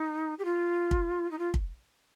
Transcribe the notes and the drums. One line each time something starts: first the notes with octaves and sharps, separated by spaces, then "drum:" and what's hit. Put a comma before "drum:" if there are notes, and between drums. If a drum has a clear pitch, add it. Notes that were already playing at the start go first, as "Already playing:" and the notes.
Already playing: D#4
G4
F4
drum: kick
D#4
F4
drum: kick